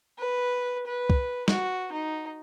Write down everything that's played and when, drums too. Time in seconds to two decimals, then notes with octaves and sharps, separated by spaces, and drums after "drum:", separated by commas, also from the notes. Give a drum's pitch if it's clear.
0.18 B4
0.87 B4
1.10 drum: kick
1.48 F#4, drum: snare
1.92 D#4